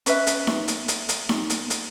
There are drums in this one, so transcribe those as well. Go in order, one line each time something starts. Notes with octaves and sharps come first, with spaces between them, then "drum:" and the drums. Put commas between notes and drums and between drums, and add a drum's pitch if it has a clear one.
C#4 B4 E5, drum: hi-hat
drum: hi-hat
drum: snare D#4
drum: hi-hat
drum: hi-hat
drum: hi-hat
drum: snare D#4
drum: hi-hat
drum: hi-hat